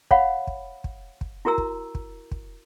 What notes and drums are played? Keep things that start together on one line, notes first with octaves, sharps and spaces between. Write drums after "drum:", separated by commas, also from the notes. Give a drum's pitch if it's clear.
C#5 F5 F#5 B5, drum: kick
drum: kick
drum: kick
drum: kick
E4 F#4 A#4 A#5 E6
drum: kick
drum: kick
drum: kick